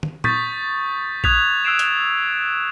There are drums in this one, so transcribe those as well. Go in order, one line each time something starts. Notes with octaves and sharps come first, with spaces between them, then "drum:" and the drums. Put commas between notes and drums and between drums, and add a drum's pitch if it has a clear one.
drum: tom
C#6 D#6 G6 A6 B6, drum: tom
D#6 F#6 G#6 B6 F7, drum: kick A#1
E6 F#6 C7 D7 E7
drum: hi-hat